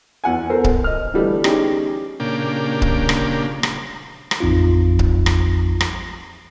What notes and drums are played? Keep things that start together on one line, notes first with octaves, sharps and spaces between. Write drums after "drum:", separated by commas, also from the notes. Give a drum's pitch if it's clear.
E2 F#5 G#5
A4 A#4 C5
drum: kick C#1
D#5 F6
D3 E3 G3 A3 B3
C#4 D#4 G4 G#4, drum: rim click
A#2 C#3 A#3 D4 G4
drum: kick C#1
drum: rim click
drum: rim click
drum: rim click
A1 F2 F3 C4 D#4 F4
drum: kick C#1
drum: rim click
drum: rim click